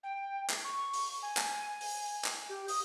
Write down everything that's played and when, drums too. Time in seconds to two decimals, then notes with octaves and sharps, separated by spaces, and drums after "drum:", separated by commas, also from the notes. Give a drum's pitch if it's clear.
0.03 G5
0.50 drum: clap
0.64 C#6
0.93 drum: open hi-hat
1.22 G#5
1.37 drum: clap
1.81 drum: open hi-hat
2.25 drum: clap
2.49 G4
2.68 D#6, drum: open hi-hat